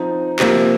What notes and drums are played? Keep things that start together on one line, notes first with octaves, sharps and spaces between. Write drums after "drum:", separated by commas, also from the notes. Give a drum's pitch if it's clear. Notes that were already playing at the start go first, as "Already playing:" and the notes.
Already playing: F3 C4 D#4
C3 F3 A#3, drum: clap